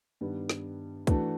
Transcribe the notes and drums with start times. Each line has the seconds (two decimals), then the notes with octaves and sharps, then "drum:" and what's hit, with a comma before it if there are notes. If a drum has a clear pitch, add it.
0.21 G2 D#3 G3 B3
0.50 drum: snare
1.07 E3 A3 D4 F#4, drum: kick, hi-hat